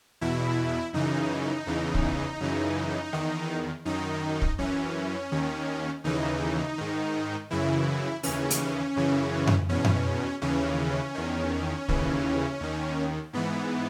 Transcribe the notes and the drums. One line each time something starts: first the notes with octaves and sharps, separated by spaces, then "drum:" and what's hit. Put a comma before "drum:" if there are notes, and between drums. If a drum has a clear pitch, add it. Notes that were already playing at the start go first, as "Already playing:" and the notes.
E2 B2 E4
F#2 C#3 E3 D#4
E2 C#3 E3
drum: kick
F#2 C#3 E3
E2 D#3, drum: rim click
F#2 D#3 D#4
drum: kick
F#2 E3 C#4
D#2 D#3
D#2 C#3 E3 D#4
G#2 D#3
F#2 C#3 E3 E4
D#2 C#3 E3 C#4, drum: open hi-hat
drum: hi-hat
F#2 C#3 E3
drum: tom F#2
E2 B2 C#4
drum: tom F#2
D#2 C#3 E3 C#4
E2 D#3
D#2 C#3 E3, drum: kick
D#2 D#3
G#2 E3 B3